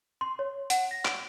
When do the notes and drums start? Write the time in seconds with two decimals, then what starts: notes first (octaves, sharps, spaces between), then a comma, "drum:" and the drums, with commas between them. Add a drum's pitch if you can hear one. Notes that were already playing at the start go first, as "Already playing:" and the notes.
0.21 C6
0.39 C#5
0.70 F#5, drum: hi-hat
0.91 A#6
1.05 D7, drum: clap